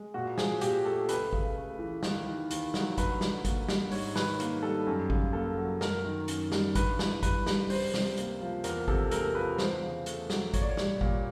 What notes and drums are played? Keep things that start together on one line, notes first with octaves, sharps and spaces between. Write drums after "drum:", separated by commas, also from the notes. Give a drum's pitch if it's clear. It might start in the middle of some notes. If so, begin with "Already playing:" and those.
Already playing: G#3
A#2 F#4
F3 G#4, drum: snare
A#2 G4, drum: hi-hat
A3 A4
C#2 B4, drum: hi-hat
C#3, drum: kick G#1
A3
E3
D#2, drum: snare
D#3
D#2, drum: hi-hat
F#3, drum: snare
D2 B4, drum: kick G#1, hi-hat
D3, drum: snare
A#3, drum: kick G#1, hi-hat
G3, drum: snare
G#2 C#5, drum: open hi-hat
D#3 B4, drum: snare
A#3, drum: hi-hat
G3 A4
F#2
C#3, drum: kick G#1
A#3 A4
F#3
F#2 A#4, drum: snare
D#3
F#2, drum: hi-hat
G3, drum: snare
G2 B4, drum: kick G#1, hi-hat
E3, drum: snare
G2 B4, drum: kick G#1, hi-hat
G3, drum: snare
C#2 C5, drum: open hi-hat
C3, drum: snare
A#3, drum: hi-hat
F3
E2 A#4, drum: hi-hat
C3 A4, drum: kick G#1
G#3 A#4, drum: hi-hat
F3 B4
E2 C5, drum: snare
C#3
A3, drum: hi-hat
F#3, drum: snare
A#2 C#5, drum: kick G#1, hi-hat
D5
C#5
G3, drum: snare
A#2, drum: kick G#1